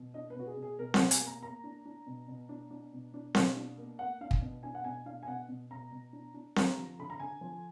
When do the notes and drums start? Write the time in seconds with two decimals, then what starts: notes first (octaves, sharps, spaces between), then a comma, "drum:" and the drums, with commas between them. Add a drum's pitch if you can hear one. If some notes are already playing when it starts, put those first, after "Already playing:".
Already playing: B2
0.14 D4 D#5
0.30 B4
0.36 B2 F#4
0.47 G#4
0.57 B2
0.63 G#4
0.78 B2 A#4
0.94 F#5, drum: snare C4
1.00 B2
1.11 G#5, drum: hi-hat
1.21 A#3
1.27 A#5
1.43 A#3 A#5
1.64 D4
1.85 D4
2.07 B2
2.28 B2
2.49 D4
2.71 D4
2.93 B2
3.14 D4
3.35 B2, drum: snare C4
3.56 D4
3.78 A#3
3.99 A#3 F#5
4.21 D4 F5
4.31 drum: kick
4.41 B2
4.63 D4 G#5
4.75 F#5
4.84 B2 G#5
5.06 D4 F5
5.23 G#5
5.28 B2 F#5
5.49 B2
5.71 B2 A#5
5.91 B2
6.13 D4
6.34 D4
6.56 D3 A#5, drum: snare C4
6.77 F3
6.99 D3 B5
7.10 A#5
7.20 D3 G#5
7.41 F3